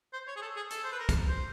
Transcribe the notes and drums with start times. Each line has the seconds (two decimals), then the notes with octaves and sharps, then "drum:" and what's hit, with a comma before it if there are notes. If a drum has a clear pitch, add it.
0.13 C5
0.27 C#5
0.37 G#4
0.42 A4
0.56 G#4
0.70 A4, drum: hi-hat
0.84 C5
0.92 B4
1.00 A#4
1.09 drum: kick, hi-hat
1.28 C5